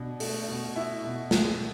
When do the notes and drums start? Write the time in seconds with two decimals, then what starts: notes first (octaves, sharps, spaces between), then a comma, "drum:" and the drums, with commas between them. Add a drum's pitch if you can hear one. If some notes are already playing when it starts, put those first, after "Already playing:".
Already playing: B2 D4
0.20 A3, drum: open hi-hat
0.48 B2
0.76 E4
1.04 B2
1.31 G#3, drum: snare